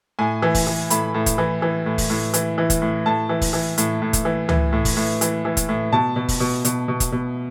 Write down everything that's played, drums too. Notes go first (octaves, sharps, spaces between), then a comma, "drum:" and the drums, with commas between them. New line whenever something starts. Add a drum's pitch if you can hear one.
A2 G#5
E3
drum: kick, open hi-hat
E3
A2 B5, drum: hi-hat
A2
drum: kick, hi-hat
E3
E3
A2
drum: kick, open hi-hat
A2
E3, drum: hi-hat
E3
drum: kick, hi-hat
A2
A2 A5
E3
drum: kick, open hi-hat
E3
A2, drum: hi-hat
A2
drum: kick, hi-hat
E3
E3, drum: tom C#2
A2
drum: kick, open hi-hat
A2
E3, drum: hi-hat
E3
drum: kick, hi-hat
A2
B2 A5
B2
drum: kick, open hi-hat
B2
B2, drum: hi-hat
B2
drum: kick, hi-hat
B2